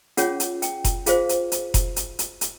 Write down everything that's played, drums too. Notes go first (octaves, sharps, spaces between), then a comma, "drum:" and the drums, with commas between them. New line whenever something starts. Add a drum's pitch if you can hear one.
C#4 F4 G#4 C#5 F#5, drum: hi-hat
drum: hi-hat
G5, drum: hi-hat
drum: kick F1, hi-hat
F4 G#4 C5 F5, drum: hi-hat
drum: hi-hat
drum: hi-hat
drum: kick F1, hi-hat
drum: hi-hat
drum: hi-hat
drum: hi-hat